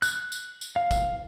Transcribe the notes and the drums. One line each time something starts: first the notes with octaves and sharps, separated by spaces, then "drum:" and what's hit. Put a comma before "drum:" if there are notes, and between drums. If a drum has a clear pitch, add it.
F#6, drum: tambourine
drum: tambourine
drum: tambourine
F5
drum: kick, tambourine